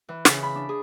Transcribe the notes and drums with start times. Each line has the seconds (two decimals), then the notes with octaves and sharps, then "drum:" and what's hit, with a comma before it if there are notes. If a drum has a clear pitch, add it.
0.09 E3
0.25 C#3, drum: snare
0.43 B5
0.55 D4
0.69 G#4